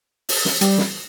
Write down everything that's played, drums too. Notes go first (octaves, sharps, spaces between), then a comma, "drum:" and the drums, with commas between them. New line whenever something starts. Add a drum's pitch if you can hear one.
drum: open hi-hat
drum: snare
G3, drum: hi-hat
drum: snare